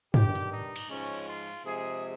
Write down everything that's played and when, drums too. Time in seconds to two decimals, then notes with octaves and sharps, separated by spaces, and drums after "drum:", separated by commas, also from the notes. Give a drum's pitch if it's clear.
0.14 G2 D#3 G3 G4, drum: tom
0.36 drum: hi-hat
0.52 D#4
0.76 drum: cymbal
0.90 G#2 F3 G#3 C#4
1.28 F4
1.66 C3 F3 G#3 G#4